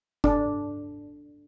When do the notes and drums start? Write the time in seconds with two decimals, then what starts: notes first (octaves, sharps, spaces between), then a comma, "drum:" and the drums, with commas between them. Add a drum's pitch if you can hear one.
0.24 D4, drum: kick F#1